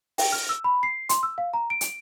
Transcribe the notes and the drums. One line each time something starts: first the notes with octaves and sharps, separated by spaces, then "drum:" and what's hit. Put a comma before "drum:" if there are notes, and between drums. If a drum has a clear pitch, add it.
G5, drum: open hi-hat
F6
E6
B5
C7
C6, drum: hi-hat
E6
F5
A#5
D7
drum: hi-hat